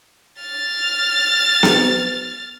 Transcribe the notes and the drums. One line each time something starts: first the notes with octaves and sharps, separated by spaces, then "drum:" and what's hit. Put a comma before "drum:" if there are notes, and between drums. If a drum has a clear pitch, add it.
F6 A6
drum: snare B3